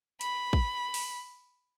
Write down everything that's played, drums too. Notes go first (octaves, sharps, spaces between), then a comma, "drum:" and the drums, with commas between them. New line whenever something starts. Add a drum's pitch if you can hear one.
B5, drum: hi-hat
drum: kick
drum: open hi-hat